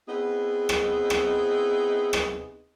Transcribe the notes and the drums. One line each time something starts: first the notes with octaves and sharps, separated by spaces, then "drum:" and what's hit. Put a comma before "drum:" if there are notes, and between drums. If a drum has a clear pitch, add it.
B3 C4 D#4 E4 G#4
drum: rim click
drum: rim click
drum: rim click